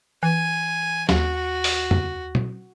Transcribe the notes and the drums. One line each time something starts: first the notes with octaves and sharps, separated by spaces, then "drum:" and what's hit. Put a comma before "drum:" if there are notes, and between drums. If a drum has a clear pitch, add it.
E3 G#5
D#2 F#4, drum: snare
drum: open hi-hat
drum: tom F2
drum: tom